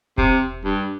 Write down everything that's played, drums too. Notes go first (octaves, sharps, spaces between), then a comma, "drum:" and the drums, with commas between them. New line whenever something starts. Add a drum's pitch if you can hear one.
C3, drum: kick E1
G2